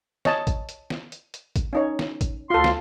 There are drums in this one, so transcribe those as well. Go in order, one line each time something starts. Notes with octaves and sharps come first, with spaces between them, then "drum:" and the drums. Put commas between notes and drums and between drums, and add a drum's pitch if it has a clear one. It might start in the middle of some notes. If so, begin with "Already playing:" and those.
C#5 D#5 A5, drum: snare
drum: kick, hi-hat
drum: hi-hat
drum: snare
drum: hi-hat
drum: hi-hat
drum: kick, hi-hat
C#4 D#4 C#5
drum: snare
drum: kick, hi-hat
D2 F4 A4 F5 C6
drum: snare